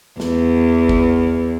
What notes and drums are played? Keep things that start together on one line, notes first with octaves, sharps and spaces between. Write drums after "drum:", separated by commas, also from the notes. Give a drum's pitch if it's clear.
E2, drum: snare
drum: kick